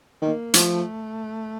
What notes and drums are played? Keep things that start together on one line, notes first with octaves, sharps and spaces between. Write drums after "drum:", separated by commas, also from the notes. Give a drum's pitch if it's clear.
D#3 A#3
F3 A3, drum: hi-hat